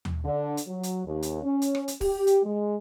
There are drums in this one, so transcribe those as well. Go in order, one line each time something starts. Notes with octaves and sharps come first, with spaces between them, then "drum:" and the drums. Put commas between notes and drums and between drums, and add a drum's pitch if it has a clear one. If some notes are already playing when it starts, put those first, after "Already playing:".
drum: tom D#2
D3
drum: hi-hat
F#3
drum: hi-hat
D#2
drum: hi-hat
C#4
drum: hi-hat
drum: rim click
drum: hi-hat
G4, drum: kick, open hi-hat
drum: hi-hat
G#3